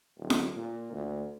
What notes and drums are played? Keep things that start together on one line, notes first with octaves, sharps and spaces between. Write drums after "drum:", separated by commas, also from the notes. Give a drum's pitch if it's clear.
D#1
drum: snare F4
A#2
D2